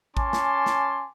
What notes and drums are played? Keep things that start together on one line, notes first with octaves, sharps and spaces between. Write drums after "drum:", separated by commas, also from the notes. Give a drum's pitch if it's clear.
C#4 G#5 A5 C6 D6, drum: kick A1
drum: snare
drum: snare